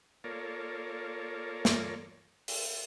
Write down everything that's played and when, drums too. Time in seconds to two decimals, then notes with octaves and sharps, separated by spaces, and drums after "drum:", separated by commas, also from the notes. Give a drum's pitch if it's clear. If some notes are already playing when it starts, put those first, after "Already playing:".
0.24 A#3 F4 A4 A#4 C#5 D5
1.65 drum: snare
2.48 drum: open hi-hat